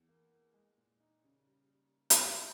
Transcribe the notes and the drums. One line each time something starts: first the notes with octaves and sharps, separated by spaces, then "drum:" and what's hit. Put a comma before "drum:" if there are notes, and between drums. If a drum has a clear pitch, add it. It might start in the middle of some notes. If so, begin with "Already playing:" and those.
Already playing: E2
A#3
A#3
G#3
A#2
D#4
C#3
G3
G3
drum: hi-hat